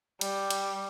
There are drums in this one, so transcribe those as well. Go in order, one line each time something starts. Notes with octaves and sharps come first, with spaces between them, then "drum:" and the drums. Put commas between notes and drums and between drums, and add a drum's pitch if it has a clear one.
G3, drum: cymbal
drum: cymbal